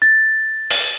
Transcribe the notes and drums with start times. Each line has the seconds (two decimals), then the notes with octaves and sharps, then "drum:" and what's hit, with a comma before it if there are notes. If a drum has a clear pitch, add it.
0.02 A6
0.70 drum: open hi-hat